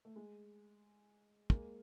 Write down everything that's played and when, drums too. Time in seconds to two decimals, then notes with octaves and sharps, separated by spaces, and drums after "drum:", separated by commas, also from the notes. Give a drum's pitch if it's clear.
0.05 A3
0.16 G#3
1.50 G#3 A#3, drum: kick